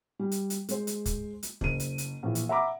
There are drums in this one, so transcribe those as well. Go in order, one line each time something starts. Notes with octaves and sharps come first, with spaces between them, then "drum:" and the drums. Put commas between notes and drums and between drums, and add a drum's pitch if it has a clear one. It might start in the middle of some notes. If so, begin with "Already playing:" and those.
G3
drum: hi-hat
drum: hi-hat
G#3 C5, drum: hi-hat
drum: hi-hat
drum: kick, hi-hat
drum: hi-hat
F#1 D#7, drum: kick
drum: hi-hat
drum: hi-hat
A#1 E3
drum: hi-hat
E5 F#5 A#5 B5 D6